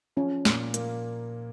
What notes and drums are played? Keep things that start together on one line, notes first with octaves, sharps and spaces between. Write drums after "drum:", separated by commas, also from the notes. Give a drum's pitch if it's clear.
F3 C#4
A#2, drum: snare
A#3, drum: hi-hat